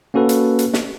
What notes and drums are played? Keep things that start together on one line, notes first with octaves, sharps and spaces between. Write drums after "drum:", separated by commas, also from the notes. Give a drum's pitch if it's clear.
A#3 C#4 F#4 A4 B4
drum: hi-hat
drum: hi-hat
drum: snare